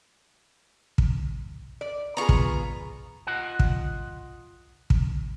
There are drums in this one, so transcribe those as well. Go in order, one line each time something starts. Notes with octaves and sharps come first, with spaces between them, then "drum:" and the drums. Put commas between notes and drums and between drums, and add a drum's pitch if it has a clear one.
drum: kick
D5
B3 F4 G#4 A#5 C#6
drum: kick
F4 D#5 F#5
drum: kick
drum: kick